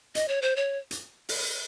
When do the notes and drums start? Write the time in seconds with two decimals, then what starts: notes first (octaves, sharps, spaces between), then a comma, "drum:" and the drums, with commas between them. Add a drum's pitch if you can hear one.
0.15 D#5, drum: hi-hat
0.28 C#5
0.42 C5
0.56 C#5
0.91 drum: hi-hat
1.29 drum: open hi-hat